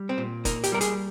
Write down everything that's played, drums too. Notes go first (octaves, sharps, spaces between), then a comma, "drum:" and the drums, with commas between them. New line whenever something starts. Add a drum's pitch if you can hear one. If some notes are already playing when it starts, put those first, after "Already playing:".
Already playing: G3
C4
A#2
A#3 D#4, drum: kick, hi-hat
G4, drum: hi-hat
G3 A#4
G#4, drum: hi-hat